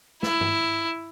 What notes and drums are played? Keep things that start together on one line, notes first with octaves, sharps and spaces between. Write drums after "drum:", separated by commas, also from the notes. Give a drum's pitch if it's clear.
E4, drum: snare
drum: tom G2